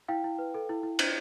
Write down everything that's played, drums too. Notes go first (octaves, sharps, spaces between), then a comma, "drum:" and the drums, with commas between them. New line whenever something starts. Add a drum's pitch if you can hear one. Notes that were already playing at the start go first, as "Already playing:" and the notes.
E4 F5 G5
E4
B4
A4
E4
E4
C5, drum: cymbal